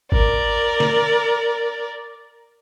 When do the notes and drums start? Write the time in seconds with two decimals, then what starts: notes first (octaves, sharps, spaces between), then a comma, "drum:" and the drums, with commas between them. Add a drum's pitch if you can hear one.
0.12 A#4 D5, drum: kick G#1
0.80 drum: snare